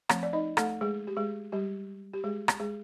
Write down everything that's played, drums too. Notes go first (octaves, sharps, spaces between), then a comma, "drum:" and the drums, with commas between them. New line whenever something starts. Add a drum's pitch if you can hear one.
F3 A3 C4, drum: rim click
D5
D#4 D#5
A3 A4, drum: rim click
G#3 G#4
G4
G#3 G#4
G3 G4
G4
G#3 G#4
drum: rim click
G#3 G#4